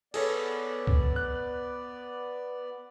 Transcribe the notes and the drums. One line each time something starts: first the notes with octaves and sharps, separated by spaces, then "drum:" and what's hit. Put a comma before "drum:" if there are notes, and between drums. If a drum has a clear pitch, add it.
B3 G#4 A4 C#5 D5, drum: cymbal
drum: kick
F#6